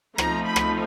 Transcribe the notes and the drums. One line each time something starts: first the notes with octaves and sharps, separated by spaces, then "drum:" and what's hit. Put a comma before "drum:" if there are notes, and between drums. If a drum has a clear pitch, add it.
F3 A3 C4 D#4 A#5, drum: rim click
B5
drum: rim click